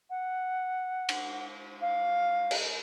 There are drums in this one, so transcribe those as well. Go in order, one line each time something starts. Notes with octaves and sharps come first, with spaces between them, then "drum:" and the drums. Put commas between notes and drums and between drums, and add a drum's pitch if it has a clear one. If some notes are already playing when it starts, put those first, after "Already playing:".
F#5
drum: cymbal
F5
drum: cymbal